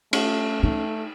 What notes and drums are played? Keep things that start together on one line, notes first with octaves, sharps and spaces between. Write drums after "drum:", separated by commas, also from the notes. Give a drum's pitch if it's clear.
A3 C#4, drum: cymbal
A3 D#4